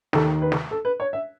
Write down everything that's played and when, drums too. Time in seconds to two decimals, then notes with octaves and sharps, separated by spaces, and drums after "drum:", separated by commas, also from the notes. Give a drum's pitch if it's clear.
0.13 D#2 D#3 A4, drum: snare
0.42 B4
0.52 drum: snare
0.71 A4
0.85 B4
1.00 C#5
1.13 E5